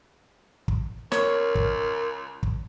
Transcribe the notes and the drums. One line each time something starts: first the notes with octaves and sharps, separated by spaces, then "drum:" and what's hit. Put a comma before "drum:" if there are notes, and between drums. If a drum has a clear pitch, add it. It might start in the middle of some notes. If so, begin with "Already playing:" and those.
drum: kick
C#2 A#4 C#5, drum: snare
drum: kick
drum: kick